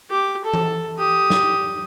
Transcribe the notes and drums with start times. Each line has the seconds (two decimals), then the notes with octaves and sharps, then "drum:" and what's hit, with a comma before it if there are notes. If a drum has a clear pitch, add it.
0.10 G4 D6
0.44 A4 A5
0.54 drum: tom E3
0.98 G4 D#6
1.30 drum: snare